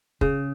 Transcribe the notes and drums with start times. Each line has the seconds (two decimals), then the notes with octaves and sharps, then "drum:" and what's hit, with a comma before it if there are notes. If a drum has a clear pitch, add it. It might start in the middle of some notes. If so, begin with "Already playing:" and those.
0.21 C#3, drum: kick